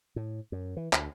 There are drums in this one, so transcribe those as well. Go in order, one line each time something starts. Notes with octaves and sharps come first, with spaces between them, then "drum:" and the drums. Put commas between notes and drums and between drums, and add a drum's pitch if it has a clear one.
A2
F#2
E3
D2, drum: clap